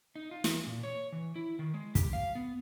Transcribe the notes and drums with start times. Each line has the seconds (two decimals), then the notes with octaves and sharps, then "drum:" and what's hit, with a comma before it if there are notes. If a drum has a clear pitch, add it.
0.16 D#4
0.31 F4
0.44 E3, drum: snare
0.67 A#2
0.83 C#5
1.12 E3
1.36 E4
1.59 D#3
1.74 G#3
1.95 G4, drum: kick, hi-hat
2.13 F5
2.35 B3